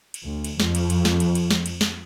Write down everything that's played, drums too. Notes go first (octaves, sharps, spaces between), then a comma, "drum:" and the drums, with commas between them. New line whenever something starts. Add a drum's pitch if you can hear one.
drum: cymbal
D2
drum: cymbal
F2, drum: snare
drum: cymbal
drum: cymbal
drum: snare
drum: cymbal
drum: cymbal
drum: snare
drum: cymbal
drum: snare